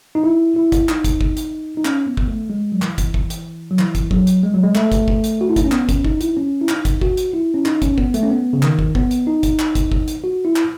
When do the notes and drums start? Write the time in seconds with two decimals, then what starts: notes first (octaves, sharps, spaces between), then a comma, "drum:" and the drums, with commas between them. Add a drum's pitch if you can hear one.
0.15 D#4
0.24 E4
0.56 E4
0.72 drum: kick, hi-hat
0.89 D#4, drum: clap
1.04 drum: kick, hi-hat
1.21 drum: kick
1.37 drum: hi-hat
1.77 D#4
1.85 C#4, drum: clap
2.07 B3
2.17 drum: kick
2.28 A3
2.50 G#3
2.72 F#3
2.82 E3, drum: clap
2.98 drum: kick, hi-hat
3.14 drum: kick
3.30 drum: hi-hat
3.71 F#3
3.79 E3, drum: clap
3.95 drum: kick, hi-hat
4.11 F#3, drum: kick
4.27 drum: hi-hat
4.43 G#3
4.54 F#3
4.64 G#3
4.75 A3, drum: clap
4.92 drum: kick, hi-hat
5.08 drum: kick
5.24 drum: hi-hat
5.41 F#4
5.49 E4
5.56 D#4, drum: kick, hi-hat
5.64 C#4
5.72 B3, drum: clap
5.89 C#4, drum: kick, hi-hat
6.04 D#4, drum: kick
6.21 E4, drum: hi-hat
6.37 C#4
6.61 E4
6.69 D#4, drum: clap
6.85 drum: kick, hi-hat
7.01 F#4, drum: kick
7.17 drum: hi-hat
7.33 E4
7.54 C#4
7.66 D#4, drum: clap
7.82 C#4, drum: kick, hi-hat
7.98 B3, drum: kick
8.14 A3, drum: hi-hat
8.23 C#4
8.30 B3
8.53 C#3
8.63 D#3, drum: clap
8.79 drum: kick
8.95 B3, drum: kick
9.11 drum: hi-hat
9.27 D#4
9.43 drum: kick, hi-hat
9.59 drum: clap
9.75 drum: kick, hi-hat
9.92 drum: kick
10.08 drum: hi-hat
10.24 F#4
10.45 E4
10.56 drum: clap